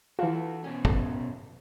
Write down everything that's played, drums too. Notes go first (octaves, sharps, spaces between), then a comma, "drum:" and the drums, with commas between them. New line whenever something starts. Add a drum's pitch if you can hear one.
E3 F4 F#4 A4
B2 C#4
drum: kick